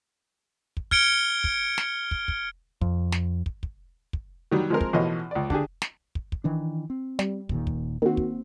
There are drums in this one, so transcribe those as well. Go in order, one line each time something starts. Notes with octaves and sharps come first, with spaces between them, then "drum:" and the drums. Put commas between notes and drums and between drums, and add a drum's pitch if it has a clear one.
drum: kick
F6 G#6 C#7 D7 G7, drum: kick
drum: kick
drum: snare
drum: kick
drum: kick
F2, drum: kick
drum: snare
drum: kick
drum: kick
drum: kick
D#3 F#3 G3
F3 G#3 C4 A#4
drum: kick
A1 B2 E3 F3 C#5 D#5
C#2 D5
D3 D4 G4 G#4, drum: kick
drum: snare
drum: kick
drum: kick
D#3 E3 D4
C4
G3, drum: snare
D#1 A#2 D#3, drum: kick
drum: kick
D#3 A#3 C4 F#4
drum: kick